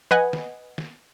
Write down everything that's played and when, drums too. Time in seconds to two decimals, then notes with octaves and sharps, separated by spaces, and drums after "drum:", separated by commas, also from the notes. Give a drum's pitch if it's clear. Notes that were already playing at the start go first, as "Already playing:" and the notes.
0.11 B4 D#5 F#5 G#5, drum: tom
0.33 drum: snare
0.78 drum: snare